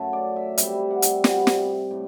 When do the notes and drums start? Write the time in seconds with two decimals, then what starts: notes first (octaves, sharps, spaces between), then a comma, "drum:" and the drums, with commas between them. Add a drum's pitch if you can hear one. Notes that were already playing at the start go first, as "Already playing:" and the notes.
Already playing: F#2 F#3 A3 E5 F#5
0.13 D5
0.36 E5
0.58 C3 G3 E5, drum: hi-hat
0.91 F#5
1.02 drum: hi-hat
1.24 C3 G3 F#5, drum: snare
1.47 drum: snare
1.91 A2